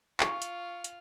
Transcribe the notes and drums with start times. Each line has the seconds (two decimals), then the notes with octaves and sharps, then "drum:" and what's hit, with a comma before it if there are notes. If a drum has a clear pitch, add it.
0.20 F4 C#6 F6, drum: clap
0.42 drum: hi-hat
0.84 drum: hi-hat